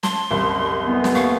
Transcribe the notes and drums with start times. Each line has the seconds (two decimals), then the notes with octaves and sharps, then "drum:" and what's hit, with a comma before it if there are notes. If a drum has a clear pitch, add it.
0.03 A5 C6, drum: snare
0.31 F#1 C2
0.86 D3 E3 B3
1.04 drum: snare
1.15 D#2 F5 C#6